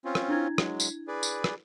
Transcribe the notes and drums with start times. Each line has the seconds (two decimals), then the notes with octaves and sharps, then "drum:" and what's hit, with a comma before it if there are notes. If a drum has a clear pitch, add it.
0.05 C4 C#4 F4
0.15 drum: rim click
0.29 D4 E4 G#6
0.58 F#3 G#3, drum: rim click
0.80 drum: tambourine
1.08 G#4 B4 D5
1.23 drum: tambourine
1.44 drum: rim click